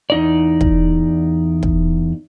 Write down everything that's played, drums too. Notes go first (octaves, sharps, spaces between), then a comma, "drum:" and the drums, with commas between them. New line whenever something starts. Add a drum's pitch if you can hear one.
E2 D#4 D5
drum: kick
drum: kick